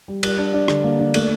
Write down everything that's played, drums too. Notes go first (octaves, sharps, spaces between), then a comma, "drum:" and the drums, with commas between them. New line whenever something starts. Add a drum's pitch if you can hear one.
G3
G3, drum: cymbal
D4
D4
D3, drum: rim click
A#3
D4
A3, drum: cymbal